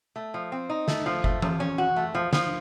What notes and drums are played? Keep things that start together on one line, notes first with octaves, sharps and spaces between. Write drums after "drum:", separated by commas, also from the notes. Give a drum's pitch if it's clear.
A3
F3
C4
D#4
A3, drum: snare
F3
A3, drum: kick F#1
F3, drum: tom E3
C#4
F#4
A3
F3
F3, drum: snare